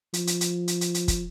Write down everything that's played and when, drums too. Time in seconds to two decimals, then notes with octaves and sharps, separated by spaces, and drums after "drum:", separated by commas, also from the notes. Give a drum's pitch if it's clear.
0.14 F3, drum: hi-hat
0.27 drum: hi-hat
0.41 drum: hi-hat
0.68 drum: hi-hat
0.81 drum: hi-hat
0.94 drum: hi-hat
1.08 drum: kick, hi-hat